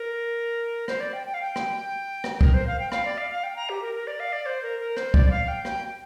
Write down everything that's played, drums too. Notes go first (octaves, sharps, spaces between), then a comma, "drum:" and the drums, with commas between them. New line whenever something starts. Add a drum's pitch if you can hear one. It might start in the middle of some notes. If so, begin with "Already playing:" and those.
Already playing: A#4
C5, drum: rim click
D5
G5
G5
F5
G5
drum: rim click
drum: rim click
A#4, drum: kick C2
C5
F5
G5
F5, drum: rim click
D5
F5
F5
G5
A#5
G4
A#4
A#4
D5
F5
D5
C5
A#4
A#4
C5, drum: rim click
D5, drum: kick C2
D5
F5
G5
G5, drum: rim click